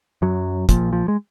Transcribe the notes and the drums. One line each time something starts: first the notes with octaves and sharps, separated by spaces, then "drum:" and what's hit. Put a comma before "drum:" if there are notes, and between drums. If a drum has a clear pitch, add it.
F#2 F#3
A#1 A#2 F3, drum: kick, hi-hat
F3
G#3